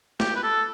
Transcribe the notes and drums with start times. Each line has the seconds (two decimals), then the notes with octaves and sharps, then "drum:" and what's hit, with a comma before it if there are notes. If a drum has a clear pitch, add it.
0.20 G4, drum: snare
0.36 B4
0.43 A4